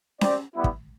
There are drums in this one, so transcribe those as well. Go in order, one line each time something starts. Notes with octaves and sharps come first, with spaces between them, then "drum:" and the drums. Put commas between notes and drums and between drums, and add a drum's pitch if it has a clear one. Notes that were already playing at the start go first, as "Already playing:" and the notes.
C4 G4 D5, drum: snare C#4
G3 B3 E4
drum: kick